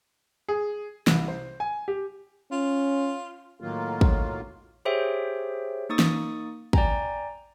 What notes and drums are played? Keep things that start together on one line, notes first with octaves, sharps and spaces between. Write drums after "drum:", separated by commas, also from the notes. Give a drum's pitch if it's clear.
G#4
C2, drum: snare
C5
G#5
G4
C#4 F4
A2 D#3 F#3 A#3 F4
drum: kick
G4 G#4 C5 C#5 E5 G5
A#3 D#4 C#6 D#6 A6
drum: snare
D5 G5 G#5 A#5, drum: kick